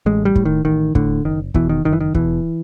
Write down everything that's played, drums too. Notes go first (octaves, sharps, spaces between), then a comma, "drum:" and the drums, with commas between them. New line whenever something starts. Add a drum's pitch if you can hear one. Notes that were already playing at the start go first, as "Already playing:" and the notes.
A1 G#3
G3
A2, drum: kick
D#3
A1 D#3
A2 D3, drum: kick
F#1 D#3
E2 B2 E3, drum: kick
D#3
F#1 D#3
E3
D#3
E2 B2 E3, drum: kick